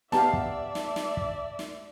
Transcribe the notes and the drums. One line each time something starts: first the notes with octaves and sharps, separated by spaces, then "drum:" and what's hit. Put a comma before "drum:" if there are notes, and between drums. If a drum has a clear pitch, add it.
B3 G4 D5 E5 F5 A5, drum: snare
drum: kick
drum: snare
drum: snare
drum: kick
drum: snare